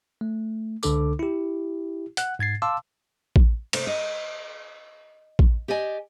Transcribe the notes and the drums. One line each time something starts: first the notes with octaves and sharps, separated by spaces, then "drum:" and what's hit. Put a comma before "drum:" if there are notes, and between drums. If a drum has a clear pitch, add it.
A3
C#2 D3 D4 A4 D6, drum: tambourine
E4 G4
F#5 F#6, drum: hi-hat
G#2 G#6 A6 C7
F5 A5 C6 D6 E6
drum: kick
C3 A3, drum: cymbal
D#5
drum: kick
G4 D5 D#5 G#5